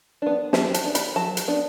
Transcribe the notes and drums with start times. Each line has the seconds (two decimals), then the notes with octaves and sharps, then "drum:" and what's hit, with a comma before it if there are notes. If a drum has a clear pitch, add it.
0.22 B3 D4
0.53 F#3 A5, drum: snare
0.74 A5, drum: hi-hat
0.85 B3 D4
0.95 B5, drum: hi-hat
1.16 F#3 A5
1.37 drum: hi-hat
1.48 B3 D4